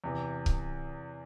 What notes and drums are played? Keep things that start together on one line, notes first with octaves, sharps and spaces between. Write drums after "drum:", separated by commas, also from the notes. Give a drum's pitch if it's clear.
E2 C3 E3
drum: kick C#1